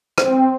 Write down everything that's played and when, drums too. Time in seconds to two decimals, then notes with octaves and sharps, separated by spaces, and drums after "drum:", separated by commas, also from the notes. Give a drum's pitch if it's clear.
0.18 C4, drum: rim click